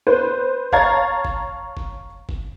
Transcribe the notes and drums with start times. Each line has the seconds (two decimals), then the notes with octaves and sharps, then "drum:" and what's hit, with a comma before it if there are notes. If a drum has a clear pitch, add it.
0.07 B4 C5
0.73 C#5 F5 A5 A#5 G#6 A6, drum: kick F#1
1.25 drum: kick F#1
1.77 drum: kick F#1
2.29 drum: kick F#1